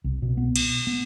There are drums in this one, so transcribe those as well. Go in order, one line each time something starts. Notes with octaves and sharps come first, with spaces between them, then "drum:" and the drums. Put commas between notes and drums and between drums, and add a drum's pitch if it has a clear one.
C2
B2
B3
drum: cymbal
B3